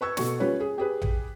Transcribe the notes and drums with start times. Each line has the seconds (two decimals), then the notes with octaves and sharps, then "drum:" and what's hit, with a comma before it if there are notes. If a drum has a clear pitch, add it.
0.01 B4 C#6 E6 G#6
0.17 B2 A4 C#6, drum: snare
0.40 G3 C#4 F4 B4 C#5
0.60 G#4
0.78 G4 G#4 B4
1.02 drum: tom A1